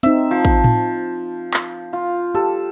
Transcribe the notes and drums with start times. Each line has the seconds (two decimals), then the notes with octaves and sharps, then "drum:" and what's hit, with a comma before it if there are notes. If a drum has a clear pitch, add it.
0.03 C4 D#4 E5, drum: hi-hat
0.31 F3
0.45 drum: kick A1
0.64 drum: tom A2
1.54 drum: clap
1.93 F4
2.35 G4 A4